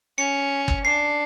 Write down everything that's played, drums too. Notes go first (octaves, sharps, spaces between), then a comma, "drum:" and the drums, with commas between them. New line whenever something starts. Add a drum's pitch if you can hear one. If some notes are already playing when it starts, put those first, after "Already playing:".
C#4 C#7
drum: kick G1
D4 C7